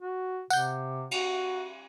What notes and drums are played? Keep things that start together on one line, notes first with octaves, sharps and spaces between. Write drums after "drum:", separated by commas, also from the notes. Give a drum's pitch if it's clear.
F#4
C3 F#5 G6, drum: tambourine
F#4, drum: cymbal